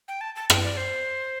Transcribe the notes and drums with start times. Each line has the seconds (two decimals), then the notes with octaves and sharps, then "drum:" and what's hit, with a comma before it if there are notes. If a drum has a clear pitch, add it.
0.08 G5
0.21 A5
0.36 A5
0.50 G5, drum: rim click
0.64 D5
0.77 C5